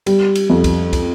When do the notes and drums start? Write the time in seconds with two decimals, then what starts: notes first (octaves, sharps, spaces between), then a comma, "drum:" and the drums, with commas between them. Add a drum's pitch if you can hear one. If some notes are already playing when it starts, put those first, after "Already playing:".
0.06 G3, drum: cymbal
0.35 drum: cymbal
0.50 F2
0.64 drum: kick, cymbal
0.93 drum: kick, cymbal